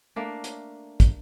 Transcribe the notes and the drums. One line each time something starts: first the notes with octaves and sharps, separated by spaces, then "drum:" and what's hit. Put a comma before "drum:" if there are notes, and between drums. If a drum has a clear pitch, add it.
A3 A#3 D4
drum: hi-hat
drum: kick, hi-hat